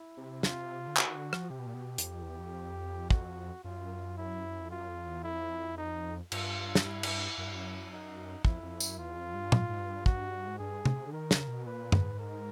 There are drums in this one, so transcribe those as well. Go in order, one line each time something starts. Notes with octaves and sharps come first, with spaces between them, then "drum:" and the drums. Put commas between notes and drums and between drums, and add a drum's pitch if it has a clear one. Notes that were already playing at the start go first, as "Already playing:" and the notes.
Already playing: E4
C3
F4, drum: snare
D3
C#3 F#4, drum: clap
D#3
D3
F3, drum: rim click
C3 G4
B2
A#2
B2
E2, drum: hi-hat
F2
E2
F2
F#4, drum: kick
F#2 F4
E4
F2
F#2 F4
F2
E2
F2 E4
D#4
G2 F4, drum: cymbal
drum: snare
E4
drum: cymbal
F#2 E4
G2
F#2
D#4
F2 E4, drum: kick
F2
F#2, drum: tambourine
E2 F4
F2
G2
G#2, drum: tom
G#2
G2
F#4, drum: kick
G#2
G2 G#4
C3, drum: tom
D3
D#3 A#4
C#3, drum: snare
B2
A#2 B4
G#2, drum: tom F#2
A#4